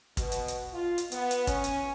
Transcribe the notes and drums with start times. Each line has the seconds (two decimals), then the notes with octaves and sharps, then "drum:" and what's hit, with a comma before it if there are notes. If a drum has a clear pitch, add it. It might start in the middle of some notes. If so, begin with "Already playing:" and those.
0.17 B2, drum: kick, hi-hat
0.32 drum: hi-hat
0.48 drum: hi-hat
0.73 F4
0.98 drum: hi-hat
1.12 B3, drum: hi-hat
1.31 drum: hi-hat
1.47 C#4, drum: kick, hi-hat
1.64 drum: hi-hat